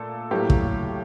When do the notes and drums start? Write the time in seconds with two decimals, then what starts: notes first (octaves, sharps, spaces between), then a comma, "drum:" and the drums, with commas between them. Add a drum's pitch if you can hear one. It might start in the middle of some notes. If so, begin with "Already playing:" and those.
Already playing: A#2 A3 A4
0.31 A2 F#3 A#3 G4
0.50 drum: kick